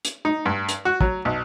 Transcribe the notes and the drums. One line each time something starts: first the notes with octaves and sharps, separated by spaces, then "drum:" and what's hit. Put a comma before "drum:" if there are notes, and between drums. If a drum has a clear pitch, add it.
drum: hi-hat
D#4
G2
drum: hi-hat
F#4
F#3, drum: kick
B1